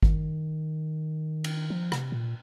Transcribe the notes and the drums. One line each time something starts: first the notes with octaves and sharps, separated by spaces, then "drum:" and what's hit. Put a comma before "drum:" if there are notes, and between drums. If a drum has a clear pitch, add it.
D#3, drum: kick G#1
drum: cymbal
F3
C3, drum: rim click
A#2